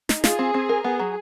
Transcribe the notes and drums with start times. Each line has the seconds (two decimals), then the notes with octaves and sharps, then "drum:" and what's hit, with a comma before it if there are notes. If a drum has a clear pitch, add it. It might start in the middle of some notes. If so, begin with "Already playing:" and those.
0.09 D#4, drum: snare
0.24 F4 G#4, drum: snare
0.39 C4
0.54 C4
0.69 A#4
0.84 B3 G#4
0.99 F#3